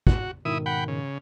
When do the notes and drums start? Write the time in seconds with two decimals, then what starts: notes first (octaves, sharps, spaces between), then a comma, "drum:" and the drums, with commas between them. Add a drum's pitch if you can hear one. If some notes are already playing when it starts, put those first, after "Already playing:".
0.07 F#4, drum: kick
0.45 G#2 B2 D#3 E4 D#6
0.66 F#5 G5 B5
0.88 C#3